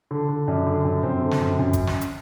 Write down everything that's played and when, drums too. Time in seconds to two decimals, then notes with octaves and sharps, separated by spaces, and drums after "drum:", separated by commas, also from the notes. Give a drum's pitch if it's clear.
0.11 D3
0.29 D3
0.48 F#2 D4
0.66 D3
0.85 F#2
1.03 F#2 C4
1.22 D3
1.31 drum: snare
1.40 F#2
1.59 F#2
1.73 drum: kick G#1, hi-hat
1.87 drum: snare
2.01 drum: hi-hat